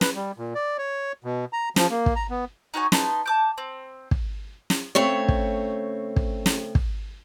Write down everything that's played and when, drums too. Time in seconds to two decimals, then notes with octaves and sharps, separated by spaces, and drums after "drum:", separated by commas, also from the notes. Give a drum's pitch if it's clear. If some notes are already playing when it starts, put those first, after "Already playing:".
0.01 B4, drum: snare
0.15 G3
0.38 A#2
0.55 D5
0.78 C#5
1.25 B2
1.53 A#5
1.76 F3, drum: snare
1.90 A#3
2.06 drum: kick
2.16 A#5
2.30 B3
2.74 D#4 F#4 C#5 G#5
2.92 B3 D#4 A5 C6, drum: snare
3.26 A5 D6 G6
3.58 C4
4.11 drum: kick
4.70 drum: snare
4.95 C#3 A3 C4 C#5
5.28 drum: kick
6.16 drum: kick
6.46 drum: snare
6.75 drum: kick